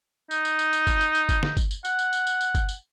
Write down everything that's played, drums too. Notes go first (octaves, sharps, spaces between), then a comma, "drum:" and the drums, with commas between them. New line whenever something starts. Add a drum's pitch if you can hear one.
D#4, drum: tambourine
drum: tambourine
drum: tambourine
drum: tambourine
drum: kick G1, tambourine
drum: tambourine
drum: tambourine
drum: kick G1, tambourine
drum: snare
drum: kick G1, tambourine
drum: tambourine
F#5, drum: tambourine
drum: tambourine
drum: tambourine
drum: tambourine
drum: tambourine
drum: kick G1, tambourine
drum: tambourine